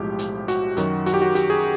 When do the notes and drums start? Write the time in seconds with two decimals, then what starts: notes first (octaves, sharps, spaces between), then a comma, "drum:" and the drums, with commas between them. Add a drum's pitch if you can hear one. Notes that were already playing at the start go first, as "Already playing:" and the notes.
Already playing: B1 A2 F3 G#3 G4
0.19 drum: hi-hat
0.48 F#4, drum: hi-hat
0.77 F#2 D#3 F#3, drum: hi-hat
1.06 F#4, drum: hi-hat
1.14 G4
1.22 F#4
1.35 G4, drum: hi-hat
1.50 G#4